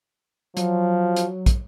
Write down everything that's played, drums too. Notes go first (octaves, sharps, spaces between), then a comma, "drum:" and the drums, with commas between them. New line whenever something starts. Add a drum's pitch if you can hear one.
F3 F#3, drum: hi-hat
drum: hi-hat
drum: kick, hi-hat